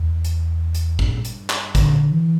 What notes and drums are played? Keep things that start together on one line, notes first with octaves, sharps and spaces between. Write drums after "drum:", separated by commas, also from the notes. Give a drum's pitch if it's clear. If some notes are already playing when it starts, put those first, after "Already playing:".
Already playing: E2
drum: hi-hat
drum: hi-hat
G2, drum: kick
drum: hi-hat
drum: clap
D3, drum: kick, hi-hat
E3